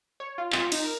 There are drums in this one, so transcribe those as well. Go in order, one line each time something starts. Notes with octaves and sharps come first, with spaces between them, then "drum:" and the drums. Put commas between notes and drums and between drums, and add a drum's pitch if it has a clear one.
C#5
F4
F4, drum: clap
D#4, drum: cymbal
A#4